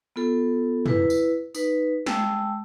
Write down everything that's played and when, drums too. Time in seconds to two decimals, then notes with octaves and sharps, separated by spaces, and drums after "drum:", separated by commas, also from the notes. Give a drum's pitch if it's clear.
0.16 B3 F4 A4
0.86 E4 B4, drum: tom
1.10 drum: tambourine
1.55 D#4 B4, drum: tambourine
2.06 G#3 G5 A5 E6, drum: snare